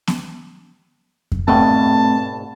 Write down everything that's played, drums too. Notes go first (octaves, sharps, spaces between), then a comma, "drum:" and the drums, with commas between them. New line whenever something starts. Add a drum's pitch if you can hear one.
drum: snare B3
drum: kick F2
G#1 G2 B2 A3 C4 A5